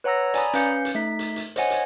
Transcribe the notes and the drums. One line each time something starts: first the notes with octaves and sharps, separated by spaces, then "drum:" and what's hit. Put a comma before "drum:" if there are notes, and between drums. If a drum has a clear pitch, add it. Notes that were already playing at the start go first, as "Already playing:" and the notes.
B4 C#5 F#5 A#5 E6 A#6
D5 G#5 A#5 B5 D#6, drum: hi-hat
C#4 B4 F5 G6 C#7, drum: hi-hat
drum: hi-hat
A3 D#4 B6
drum: hi-hat
drum: hi-hat
C5 C#5 D#5 F#5 G#5, drum: hi-hat
drum: hi-hat